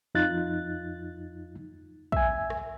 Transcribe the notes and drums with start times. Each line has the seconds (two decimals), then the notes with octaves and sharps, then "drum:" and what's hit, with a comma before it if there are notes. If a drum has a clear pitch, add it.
0.15 F2 D#4 F4 F#6 A6
2.12 E5 G#5, drum: kick A#1
2.50 drum: rim click